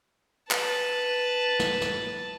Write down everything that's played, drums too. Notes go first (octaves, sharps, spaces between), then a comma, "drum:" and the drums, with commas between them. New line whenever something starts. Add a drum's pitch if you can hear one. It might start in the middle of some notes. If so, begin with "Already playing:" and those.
B4 A5, drum: clap
drum: snare
drum: snare